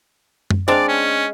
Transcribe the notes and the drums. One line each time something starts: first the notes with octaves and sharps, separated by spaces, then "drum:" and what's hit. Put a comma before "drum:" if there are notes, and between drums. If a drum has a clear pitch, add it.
drum: tom F#2
G#3 C4 D4 D5 F5
C#4